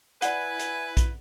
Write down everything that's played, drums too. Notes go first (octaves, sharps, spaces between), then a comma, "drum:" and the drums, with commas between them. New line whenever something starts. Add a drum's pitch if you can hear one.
E4 B4 D5 F#5 G#5, drum: hi-hat
drum: hi-hat
drum: kick A#1, hi-hat